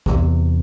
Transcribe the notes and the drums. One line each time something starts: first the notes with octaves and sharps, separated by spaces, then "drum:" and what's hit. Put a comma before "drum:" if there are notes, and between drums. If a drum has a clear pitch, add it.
E2 C3 E3, drum: kick B1